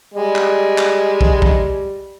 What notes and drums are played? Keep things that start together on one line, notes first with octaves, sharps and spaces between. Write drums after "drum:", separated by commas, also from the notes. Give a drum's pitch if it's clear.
G3 G#3
drum: clap
drum: clap
drum: kick
drum: kick